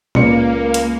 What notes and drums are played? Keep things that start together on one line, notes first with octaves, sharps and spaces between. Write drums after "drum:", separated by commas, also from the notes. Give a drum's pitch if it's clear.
C#2 A#3 D5 C#7, drum: tom A#2
drum: hi-hat